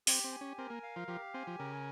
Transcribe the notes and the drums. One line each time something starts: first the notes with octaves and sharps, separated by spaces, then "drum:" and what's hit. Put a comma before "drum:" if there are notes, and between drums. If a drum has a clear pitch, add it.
C4 G4, drum: open hi-hat
C4
G#5
C#4
C4 A#4
A#3
F5
F3
F3 G4
C4 G#5
F3
C#3 A#4